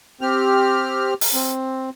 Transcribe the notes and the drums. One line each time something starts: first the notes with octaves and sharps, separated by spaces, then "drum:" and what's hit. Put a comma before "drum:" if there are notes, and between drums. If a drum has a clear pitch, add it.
C4 G4 F6
drum: open hi-hat
C4